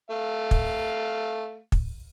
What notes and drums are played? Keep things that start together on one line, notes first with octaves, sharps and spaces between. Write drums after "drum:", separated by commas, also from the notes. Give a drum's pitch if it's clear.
A3 F5
drum: kick
drum: kick